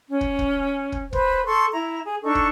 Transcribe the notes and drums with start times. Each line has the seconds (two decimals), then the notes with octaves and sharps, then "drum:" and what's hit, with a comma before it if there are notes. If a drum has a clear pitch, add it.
0.08 C#4
0.21 drum: kick
0.39 drum: kick
0.92 drum: kick
1.13 B4 C5, drum: kick
1.46 A4 C6 C#6
1.73 E4 A#5
2.05 G#4
2.24 D4 D#4 A4 C#6
2.35 drum: kick